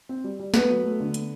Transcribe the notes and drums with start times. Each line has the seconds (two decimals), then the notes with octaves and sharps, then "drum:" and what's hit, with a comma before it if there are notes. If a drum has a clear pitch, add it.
0.09 C4
0.24 G3
0.40 G3
0.54 A3 B3 B4, drum: snare
0.70 F#3
0.84 A3
1.00 D3
1.14 B3, drum: hi-hat